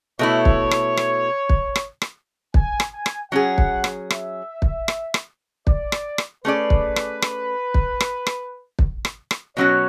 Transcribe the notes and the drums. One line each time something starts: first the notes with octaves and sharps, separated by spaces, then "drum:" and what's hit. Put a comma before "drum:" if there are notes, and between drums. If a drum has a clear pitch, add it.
B2 A3 E4 C#5
drum: kick
drum: rim click
drum: rim click
drum: kick
drum: rim click
drum: rim click
G#5, drum: kick
drum: rim click
G#5
drum: rim click
F#3 C#4 G#4 F#5
drum: kick
drum: rim click
E5, drum: rim click
drum: kick
drum: rim click
drum: rim click
D5, drum: kick
drum: rim click
drum: rim click
A3 C#4 G#4 B4 D5
drum: kick
drum: rim click
drum: rim click
drum: kick
drum: rim click
drum: rim click
drum: kick
drum: rim click
drum: rim click
B2 F#3 C#4 F#4 C#5